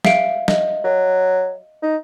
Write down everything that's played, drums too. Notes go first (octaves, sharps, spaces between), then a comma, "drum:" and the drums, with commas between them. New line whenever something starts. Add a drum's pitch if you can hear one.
E5 F5 D7, drum: snare
D#5, drum: snare
F#3
D#4